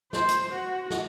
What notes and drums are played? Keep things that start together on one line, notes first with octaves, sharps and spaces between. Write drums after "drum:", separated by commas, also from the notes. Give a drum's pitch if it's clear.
C5, drum: snare
drum: hi-hat
F#4
drum: snare